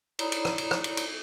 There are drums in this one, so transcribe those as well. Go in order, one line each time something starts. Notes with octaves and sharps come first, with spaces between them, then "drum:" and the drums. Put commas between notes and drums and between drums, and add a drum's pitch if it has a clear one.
E4 C#5 D5 A#5 B5 D#6, drum: cymbal
drum: cymbal
drum: rim click
drum: cymbal
drum: rim click
drum: cymbal
drum: cymbal